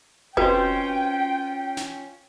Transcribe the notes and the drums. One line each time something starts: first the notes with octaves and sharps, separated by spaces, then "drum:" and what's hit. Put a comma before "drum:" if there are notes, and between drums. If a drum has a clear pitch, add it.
C4 C#4 F4 F#4 B4 C5 D#5 G5, drum: kick F1
drum: snare